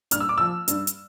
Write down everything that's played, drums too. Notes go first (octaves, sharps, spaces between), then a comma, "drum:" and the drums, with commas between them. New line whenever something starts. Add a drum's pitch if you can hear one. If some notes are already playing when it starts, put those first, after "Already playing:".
G2 F6, drum: hi-hat
E6
D6
F3 E6
G2, drum: hi-hat
drum: hi-hat